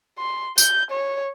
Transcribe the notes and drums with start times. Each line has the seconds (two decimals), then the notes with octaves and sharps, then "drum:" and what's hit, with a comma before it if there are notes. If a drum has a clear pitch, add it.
0.19 C6
0.58 G6, drum: tambourine
0.91 C#5